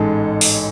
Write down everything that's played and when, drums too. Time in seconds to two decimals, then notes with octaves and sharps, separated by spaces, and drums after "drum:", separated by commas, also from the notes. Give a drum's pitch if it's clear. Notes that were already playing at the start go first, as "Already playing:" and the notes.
Already playing: A1 G#2 G#3 A4
0.41 drum: open hi-hat